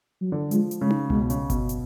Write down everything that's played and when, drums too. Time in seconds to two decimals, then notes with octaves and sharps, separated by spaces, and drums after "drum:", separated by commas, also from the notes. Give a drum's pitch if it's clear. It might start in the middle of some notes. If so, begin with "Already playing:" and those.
0.21 F#3
0.32 D3
0.51 F3 G#3, drum: hi-hat
0.71 drum: hi-hat
0.81 C#3 G#3
0.91 drum: tom
1.10 B2 G#3, drum: tom C2
1.22 B2
1.30 C#3, drum: hi-hat
1.50 B2, drum: kick G1, hi-hat
1.69 drum: hi-hat